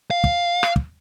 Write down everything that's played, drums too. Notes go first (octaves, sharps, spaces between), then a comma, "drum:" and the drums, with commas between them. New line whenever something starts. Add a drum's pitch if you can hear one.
F5
drum: kick
drum: rim click
drum: kick